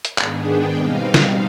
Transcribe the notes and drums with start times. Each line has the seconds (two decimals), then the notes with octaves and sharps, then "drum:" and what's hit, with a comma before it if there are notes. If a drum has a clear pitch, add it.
0.05 drum: hi-hat
0.18 G#2 D#3 B3 D4 G#4, drum: clap
0.47 G5
0.75 B2 G3 C4 D#4 F5
1.14 drum: snare